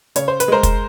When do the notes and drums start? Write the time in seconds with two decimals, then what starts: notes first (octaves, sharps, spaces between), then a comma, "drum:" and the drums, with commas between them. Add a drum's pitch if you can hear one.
0.16 C#3 C#5, drum: hi-hat
0.28 C5
0.40 B4, drum: hi-hat
0.48 G#3 A#4 C5
0.63 drum: kick, hi-hat